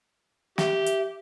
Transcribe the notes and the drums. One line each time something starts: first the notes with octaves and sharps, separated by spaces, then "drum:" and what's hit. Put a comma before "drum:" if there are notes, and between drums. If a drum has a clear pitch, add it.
G4 E5, drum: snare
drum: hi-hat